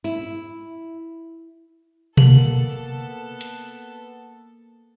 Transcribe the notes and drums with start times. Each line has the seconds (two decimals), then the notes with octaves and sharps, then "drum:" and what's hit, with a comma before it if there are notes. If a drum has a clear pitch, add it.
0.04 E4, drum: tambourine
2.17 A#3 B3 A4 F#7, drum: tom B2
3.41 drum: hi-hat